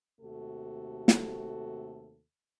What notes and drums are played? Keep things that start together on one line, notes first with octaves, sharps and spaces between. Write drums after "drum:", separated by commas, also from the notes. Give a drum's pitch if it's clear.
D#2 C3 A3 F#4 A4
drum: snare